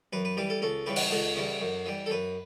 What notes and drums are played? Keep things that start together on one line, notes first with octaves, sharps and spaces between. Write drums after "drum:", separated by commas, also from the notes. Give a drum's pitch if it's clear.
F#2 B4
B4
E3 G3 B4
A4
C#2 A4
C#3 E3 G3 B4
drum: open hi-hat
C#2 A4
C#3 E3 G3
F#2
E3 G3
A4
F#2 B4